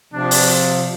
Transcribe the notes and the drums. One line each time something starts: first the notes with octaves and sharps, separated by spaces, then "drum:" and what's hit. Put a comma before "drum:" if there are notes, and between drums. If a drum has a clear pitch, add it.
C3 F3 D4
drum: open hi-hat